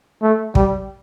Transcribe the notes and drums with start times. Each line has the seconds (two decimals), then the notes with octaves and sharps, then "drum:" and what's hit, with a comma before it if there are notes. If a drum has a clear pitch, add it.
0.23 A3
0.55 G3, drum: kick